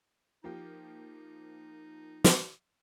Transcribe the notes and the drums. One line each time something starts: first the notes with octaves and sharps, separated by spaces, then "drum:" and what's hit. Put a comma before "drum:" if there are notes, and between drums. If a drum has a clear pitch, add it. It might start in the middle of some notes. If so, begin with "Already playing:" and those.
F3 A#3 D#4 G4
drum: snare